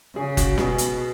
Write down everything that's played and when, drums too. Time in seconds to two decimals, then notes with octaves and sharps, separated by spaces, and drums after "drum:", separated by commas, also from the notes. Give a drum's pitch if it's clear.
0.16 C#3 G#4
0.37 F#4, drum: kick F#1, hi-hat
0.58 B2 G#4, drum: snare
0.78 drum: hi-hat